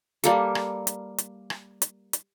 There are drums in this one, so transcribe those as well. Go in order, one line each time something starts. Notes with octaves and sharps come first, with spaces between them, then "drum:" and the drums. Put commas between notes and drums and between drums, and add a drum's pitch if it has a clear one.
G3 A#3 A4, drum: hi-hat
drum: rim click
drum: hi-hat
drum: hi-hat
drum: rim click
drum: hi-hat
drum: hi-hat